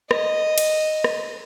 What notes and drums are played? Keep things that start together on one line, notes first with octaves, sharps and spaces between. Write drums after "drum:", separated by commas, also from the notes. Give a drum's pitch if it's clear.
D#5, drum: rim click
drum: cymbal
drum: rim click